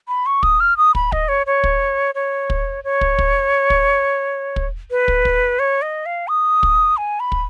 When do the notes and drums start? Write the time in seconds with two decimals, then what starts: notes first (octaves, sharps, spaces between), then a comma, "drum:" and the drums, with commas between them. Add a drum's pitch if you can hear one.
0.08 B5
0.26 C#6
0.43 D#6, drum: kick
0.60 F6
0.77 D#6
0.95 B5, drum: kick
1.12 D#5, drum: kick
1.29 C#5
1.47 C#5
1.64 drum: kick
2.15 C#5
2.50 drum: kick
2.84 C#5
3.01 drum: kick
3.19 drum: kick
3.70 drum: kick
4.56 drum: kick
4.91 B4
5.08 drum: kick
5.25 drum: kick
5.59 C#5
5.82 D#5
6.06 F5
6.28 D#6
6.63 drum: kick
6.97 G#5
7.20 B5
7.32 drum: kick